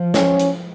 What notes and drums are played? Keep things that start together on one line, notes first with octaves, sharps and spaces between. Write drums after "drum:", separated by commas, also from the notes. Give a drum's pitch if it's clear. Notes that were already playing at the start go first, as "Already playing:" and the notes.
Already playing: F3
C#4, drum: snare
drum: hi-hat